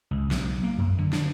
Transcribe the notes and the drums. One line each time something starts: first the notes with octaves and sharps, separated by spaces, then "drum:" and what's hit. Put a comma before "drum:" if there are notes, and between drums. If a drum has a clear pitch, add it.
C#2
B1, drum: snare
A#3
F#2
D3
D4, drum: snare